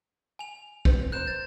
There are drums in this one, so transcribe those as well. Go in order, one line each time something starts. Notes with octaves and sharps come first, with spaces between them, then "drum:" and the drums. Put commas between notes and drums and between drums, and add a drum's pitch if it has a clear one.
G#5 F7
B3 C4, drum: kick
A#4 C5 F#6 G6 E7
A6